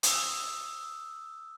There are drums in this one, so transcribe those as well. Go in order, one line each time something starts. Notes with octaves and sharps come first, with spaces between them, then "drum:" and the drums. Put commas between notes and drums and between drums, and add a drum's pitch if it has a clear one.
D#6 E6, drum: hi-hat